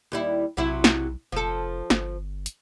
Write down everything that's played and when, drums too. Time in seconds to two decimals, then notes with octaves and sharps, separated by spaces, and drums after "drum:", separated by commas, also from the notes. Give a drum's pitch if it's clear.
0.12 D#2 G3 E4
0.57 B1 C3 F#3 E4
0.84 drum: snare
1.32 F1 F3 A4
1.90 G1, drum: snare
2.46 drum: hi-hat